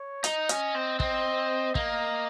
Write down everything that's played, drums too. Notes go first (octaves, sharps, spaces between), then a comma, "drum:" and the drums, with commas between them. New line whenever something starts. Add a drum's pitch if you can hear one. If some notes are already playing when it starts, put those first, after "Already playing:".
Already playing: C#5
D#4 D#5, drum: hi-hat
C#4, drum: hi-hat
C4
C4 D#5, drum: kick
A#3 D#5, drum: kick